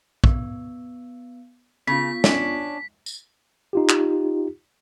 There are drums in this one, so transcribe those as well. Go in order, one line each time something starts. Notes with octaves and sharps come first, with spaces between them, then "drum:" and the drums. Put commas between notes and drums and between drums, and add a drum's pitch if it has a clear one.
B3, drum: kick
C#3 B3 F4 B6
C#4 D4, drum: snare
drum: tambourine
D#4 F4 G4
drum: clap